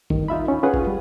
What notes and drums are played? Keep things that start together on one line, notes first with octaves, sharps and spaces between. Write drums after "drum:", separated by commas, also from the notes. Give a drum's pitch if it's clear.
D2 G2 D#3, drum: kick G#1
D#4 F4 E5 B5
C#4
C#4 F4 G#4 B4 F#5 G#5
drum: kick G#1
G3